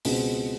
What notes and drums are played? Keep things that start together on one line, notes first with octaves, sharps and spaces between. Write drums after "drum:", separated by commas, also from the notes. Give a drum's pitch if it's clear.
C#2 B2 G#3 C4, drum: open hi-hat